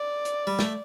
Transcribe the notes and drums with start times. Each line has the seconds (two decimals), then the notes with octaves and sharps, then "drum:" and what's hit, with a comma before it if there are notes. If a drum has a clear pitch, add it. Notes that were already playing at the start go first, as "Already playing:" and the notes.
Already playing: D5
0.25 drum: hi-hat
0.47 G3
0.59 A3, drum: snare